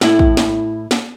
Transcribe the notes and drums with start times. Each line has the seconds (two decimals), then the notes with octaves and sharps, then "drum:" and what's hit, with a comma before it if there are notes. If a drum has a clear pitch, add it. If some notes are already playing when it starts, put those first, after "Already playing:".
0.01 A2 E4, drum: snare
0.19 drum: kick
0.37 drum: snare
0.91 drum: snare